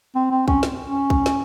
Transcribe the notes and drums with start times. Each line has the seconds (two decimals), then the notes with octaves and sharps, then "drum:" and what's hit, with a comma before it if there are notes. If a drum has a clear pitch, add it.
0.15 C4
0.31 C4
0.48 C#4, drum: kick
0.63 drum: snare
0.86 C#4
1.10 drum: kick
1.26 drum: snare